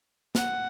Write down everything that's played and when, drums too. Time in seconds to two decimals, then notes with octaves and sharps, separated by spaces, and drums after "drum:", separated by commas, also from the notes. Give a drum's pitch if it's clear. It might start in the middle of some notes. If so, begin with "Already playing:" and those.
0.35 F#5, drum: snare